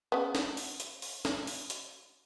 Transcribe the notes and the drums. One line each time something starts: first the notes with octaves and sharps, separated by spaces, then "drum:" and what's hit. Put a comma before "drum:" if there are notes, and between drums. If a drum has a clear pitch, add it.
C#3 B3
drum: snare
drum: open hi-hat
drum: hi-hat
drum: open hi-hat
drum: snare
drum: open hi-hat
drum: hi-hat